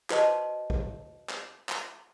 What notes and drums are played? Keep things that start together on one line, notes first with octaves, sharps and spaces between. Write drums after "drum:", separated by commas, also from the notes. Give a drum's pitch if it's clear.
F#4 B4 C5 D#5 A5, drum: clap
drum: kick
drum: clap
drum: clap